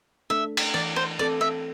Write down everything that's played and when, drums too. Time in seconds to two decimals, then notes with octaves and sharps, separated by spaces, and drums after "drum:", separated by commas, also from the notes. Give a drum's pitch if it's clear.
0.30 A3 D4 A4 E5
0.57 drum: cymbal
0.74 E3 D5
0.96 C5
1.19 C4 A4 D5
1.41 E5